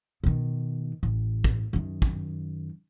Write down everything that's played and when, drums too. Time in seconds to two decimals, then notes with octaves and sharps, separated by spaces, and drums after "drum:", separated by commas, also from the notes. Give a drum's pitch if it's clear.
0.24 B2 D#3
1.03 A1
1.44 drum: kick
1.73 F#2 D#3
2.02 drum: kick